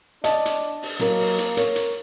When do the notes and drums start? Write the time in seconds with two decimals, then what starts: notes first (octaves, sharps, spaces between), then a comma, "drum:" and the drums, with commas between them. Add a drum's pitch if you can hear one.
0.24 D4 D#5 A5, drum: hi-hat
0.45 drum: hi-hat
0.83 drum: open hi-hat
0.99 F#3 A#3 E4 A#4, drum: hi-hat
1.20 drum: open hi-hat
1.38 drum: hi-hat
1.57 A#4 C#5, drum: hi-hat
1.76 drum: hi-hat